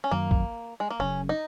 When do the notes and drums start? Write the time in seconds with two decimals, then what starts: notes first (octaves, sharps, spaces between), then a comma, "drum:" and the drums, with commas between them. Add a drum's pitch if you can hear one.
0.04 C#4
0.11 F#2 D#3 F#3 A#3
0.31 drum: kick
0.80 G#3
0.90 A#3
0.99 F#1 F#2 C#3 C#4
1.29 D#4